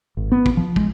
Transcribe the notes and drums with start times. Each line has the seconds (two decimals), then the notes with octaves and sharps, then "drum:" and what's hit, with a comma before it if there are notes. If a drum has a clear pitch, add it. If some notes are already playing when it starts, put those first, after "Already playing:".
0.17 G#1
0.32 B3
0.46 drum: kick
0.57 F3
0.76 G#3, drum: kick